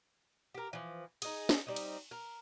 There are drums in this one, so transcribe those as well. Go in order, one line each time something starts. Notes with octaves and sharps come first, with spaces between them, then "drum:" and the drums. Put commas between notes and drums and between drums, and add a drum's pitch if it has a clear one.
G4 A#4
E3 F3
D#4 G#4, drum: cymbal
drum: snare
G3 C4 D#4
drum: cymbal
A#4